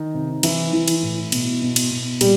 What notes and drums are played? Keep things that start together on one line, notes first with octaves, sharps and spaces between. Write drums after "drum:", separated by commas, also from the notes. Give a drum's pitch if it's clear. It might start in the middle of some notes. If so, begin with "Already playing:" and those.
Already playing: D#3 D#4
C3
E3 E4, drum: cymbal
E3
drum: cymbal
A2
B2, drum: cymbal
B2
drum: cymbal
B2
A#2 G3 G4, drum: cymbal